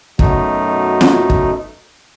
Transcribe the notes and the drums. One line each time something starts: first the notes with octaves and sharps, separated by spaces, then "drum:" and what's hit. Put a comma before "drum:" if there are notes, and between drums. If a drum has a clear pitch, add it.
F#2 B2 A3 D#4, drum: kick
drum: snare
drum: kick